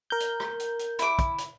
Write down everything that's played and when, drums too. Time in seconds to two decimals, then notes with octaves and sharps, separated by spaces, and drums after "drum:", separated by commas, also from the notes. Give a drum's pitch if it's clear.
0.10 A#4 G6
0.20 drum: hi-hat
0.40 drum: rim click
0.60 drum: hi-hat
0.79 drum: hi-hat
0.99 E4 D6, drum: hi-hat
1.19 drum: kick, hi-hat
1.38 drum: hi-hat